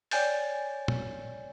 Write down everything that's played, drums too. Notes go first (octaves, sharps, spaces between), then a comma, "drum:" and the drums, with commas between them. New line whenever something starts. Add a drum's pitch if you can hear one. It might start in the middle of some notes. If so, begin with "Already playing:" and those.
C#5 D5 G5 G#5 G6 A6, drum: open hi-hat
drum: tom